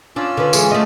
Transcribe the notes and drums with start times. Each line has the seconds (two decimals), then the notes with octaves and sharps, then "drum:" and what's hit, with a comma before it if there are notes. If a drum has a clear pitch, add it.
0.16 C#4 D4 F4 E6
0.37 D3 B4
0.53 E3 G#3 G#4, drum: tambourine
0.71 A3 D#5